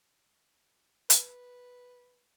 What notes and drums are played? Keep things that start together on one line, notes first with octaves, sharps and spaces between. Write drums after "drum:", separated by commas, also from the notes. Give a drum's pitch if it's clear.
B4, drum: hi-hat